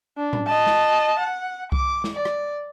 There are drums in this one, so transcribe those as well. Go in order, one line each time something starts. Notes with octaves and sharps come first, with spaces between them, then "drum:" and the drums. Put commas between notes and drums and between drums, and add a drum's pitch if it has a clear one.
D4
drum: tom A2
D#5 A5
drum: snare
F#5
D6, drum: kick C2
drum: snare
D5
drum: rim click